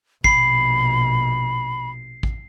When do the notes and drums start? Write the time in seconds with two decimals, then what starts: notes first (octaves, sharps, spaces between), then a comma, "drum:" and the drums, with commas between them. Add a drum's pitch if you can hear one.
0.24 A#1 B2 B5 C7, drum: kick A1
2.23 drum: kick A1